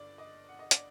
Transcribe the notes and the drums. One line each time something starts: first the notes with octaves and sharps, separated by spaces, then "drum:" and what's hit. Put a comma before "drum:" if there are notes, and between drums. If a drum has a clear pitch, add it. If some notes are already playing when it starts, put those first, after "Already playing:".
Already playing: G1 G2 D5
D#5
F#5
D#5
D5, drum: hi-hat